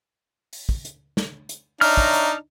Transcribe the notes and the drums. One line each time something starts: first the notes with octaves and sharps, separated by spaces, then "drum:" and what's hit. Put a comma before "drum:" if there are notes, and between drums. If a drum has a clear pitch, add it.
drum: open hi-hat
drum: kick
drum: hi-hat
drum: snare
drum: hi-hat
D4 D#4 C#5 E5 A#5 F6, drum: open hi-hat
drum: kick
drum: hi-hat